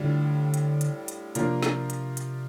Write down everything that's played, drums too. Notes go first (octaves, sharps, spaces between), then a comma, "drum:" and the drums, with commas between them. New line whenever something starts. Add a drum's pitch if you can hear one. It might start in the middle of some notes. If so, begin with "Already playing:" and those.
Already playing: A2 D3 G3 D4 F4
drum: hi-hat
drum: hi-hat
drum: hi-hat
C3 F3 A#3 D4 F4, drum: hi-hat
drum: snare
drum: hi-hat
drum: hi-hat